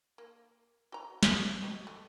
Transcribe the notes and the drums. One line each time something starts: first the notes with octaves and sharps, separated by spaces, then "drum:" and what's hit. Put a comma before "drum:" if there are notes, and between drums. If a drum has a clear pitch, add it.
A#3
F#4 A#5
B3, drum: snare
F#4 G4 D#5
A3